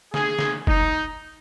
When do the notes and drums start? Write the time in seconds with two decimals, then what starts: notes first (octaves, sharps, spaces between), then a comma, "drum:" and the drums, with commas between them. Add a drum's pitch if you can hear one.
0.14 G#4, drum: snare
0.39 drum: snare
0.67 D#4, drum: kick F1